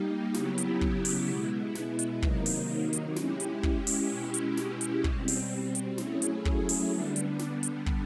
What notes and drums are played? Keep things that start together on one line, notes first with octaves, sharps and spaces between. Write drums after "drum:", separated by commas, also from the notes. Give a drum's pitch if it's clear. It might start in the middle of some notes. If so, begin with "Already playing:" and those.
Already playing: G3 A#3 D#4 G4
C#3 F#3 B3 E4 G4, drum: snare
drum: hi-hat
drum: kick
drum: open hi-hat
B2 G#3 B3 E4
drum: snare
drum: hi-hat
C3 D#3 F#3 A#3 D#4, drum: kick
drum: open hi-hat
drum: hi-hat
G#3 C#4 E4 G4, drum: snare
drum: hi-hat
drum: kick
drum: open hi-hat
B2 G#3 C#4 E4 G4
drum: hi-hat
drum: snare
drum: hi-hat
B2 G3 C4, drum: kick
drum: open hi-hat
drum: hi-hat
F#3 A3 C#4 E4 G#4, drum: snare
drum: hi-hat
drum: kick
drum: open hi-hat
D3 G3 B3 D4
drum: hi-hat
drum: snare
drum: hi-hat
drum: kick